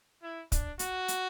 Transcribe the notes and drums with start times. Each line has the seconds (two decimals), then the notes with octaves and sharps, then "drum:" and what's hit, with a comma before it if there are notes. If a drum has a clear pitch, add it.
0.23 E4
0.52 D4, drum: kick, hi-hat
0.79 F#4, drum: hi-hat
1.08 drum: hi-hat